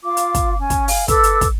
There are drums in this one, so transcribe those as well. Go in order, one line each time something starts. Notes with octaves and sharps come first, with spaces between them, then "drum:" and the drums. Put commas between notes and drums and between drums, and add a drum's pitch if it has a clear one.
F4 F5 D6
drum: hi-hat
drum: kick, hi-hat
C#4 G#5
drum: kick, hi-hat
F5 G#5, drum: open hi-hat
A4 B4 D6 E6, drum: kick, hi-hat
drum: hi-hat
drum: kick, hi-hat